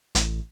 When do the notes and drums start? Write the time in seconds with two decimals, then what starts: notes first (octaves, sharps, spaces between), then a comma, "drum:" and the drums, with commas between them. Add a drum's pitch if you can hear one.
0.15 A1, drum: hi-hat